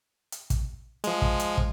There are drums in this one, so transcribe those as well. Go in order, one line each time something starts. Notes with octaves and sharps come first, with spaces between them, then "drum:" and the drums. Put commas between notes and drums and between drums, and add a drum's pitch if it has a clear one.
drum: hi-hat
drum: kick, hi-hat
F3 G#3, drum: hi-hat
drum: kick
drum: hi-hat
drum: kick